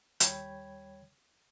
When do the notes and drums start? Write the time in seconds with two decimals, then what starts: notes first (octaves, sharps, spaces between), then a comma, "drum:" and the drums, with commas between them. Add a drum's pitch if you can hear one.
0.20 D#2 G3 C#5 G5 B5 G#6, drum: hi-hat